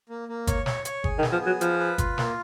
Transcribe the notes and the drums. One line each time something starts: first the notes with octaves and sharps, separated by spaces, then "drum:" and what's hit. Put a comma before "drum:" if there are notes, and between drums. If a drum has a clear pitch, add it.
A#3
A#3
C#5, drum: kick G1, hi-hat
C#5, drum: snare
C#5, drum: hi-hat
G#4, drum: kick G1
D#3
B3, drum: snare
F3
F#3 G#4
F3 B4, drum: hi-hat
B4
F4, drum: kick G1, hi-hat
A#3, drum: snare